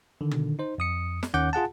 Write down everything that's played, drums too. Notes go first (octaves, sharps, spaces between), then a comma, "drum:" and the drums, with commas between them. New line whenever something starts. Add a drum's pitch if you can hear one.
D3 D#3
drum: tom
D#4 C5
F2 D#6 C#7
drum: snare
D#2 D#3 C#4 F#5 D6 G6
F4 G#4 F#5 A5